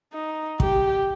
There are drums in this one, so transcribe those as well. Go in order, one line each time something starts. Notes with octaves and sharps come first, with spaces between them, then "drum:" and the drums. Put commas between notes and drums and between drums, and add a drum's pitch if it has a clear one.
D#4
G4, drum: kick